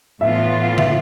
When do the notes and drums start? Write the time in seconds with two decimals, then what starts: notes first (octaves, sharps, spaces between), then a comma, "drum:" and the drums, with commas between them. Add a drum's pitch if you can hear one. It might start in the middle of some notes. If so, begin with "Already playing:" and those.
0.21 A2 E3 B3 F4 E5
0.78 E5, drum: tom C#3